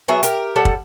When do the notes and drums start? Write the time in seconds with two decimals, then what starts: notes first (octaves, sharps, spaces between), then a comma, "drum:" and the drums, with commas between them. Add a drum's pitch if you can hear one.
0.08 F#3 B3 G#4 E5
0.23 G4 A#4, drum: hi-hat
0.56 G3 A4 F#5 A5
0.65 drum: kick